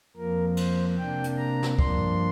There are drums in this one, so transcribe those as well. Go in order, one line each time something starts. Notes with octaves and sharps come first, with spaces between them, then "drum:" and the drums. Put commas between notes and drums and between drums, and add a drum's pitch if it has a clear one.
F2 F3 A#3 A#4
C5, drum: cymbal
C3 A#3 D4 G5
drum: hi-hat
A#5
drum: snare
G2 F3 A#3 D4 C6, drum: kick